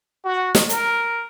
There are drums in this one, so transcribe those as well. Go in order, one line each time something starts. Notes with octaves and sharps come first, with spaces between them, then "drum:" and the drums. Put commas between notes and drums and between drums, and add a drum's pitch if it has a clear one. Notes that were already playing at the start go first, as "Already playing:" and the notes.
F#4
drum: snare
A#4, drum: hi-hat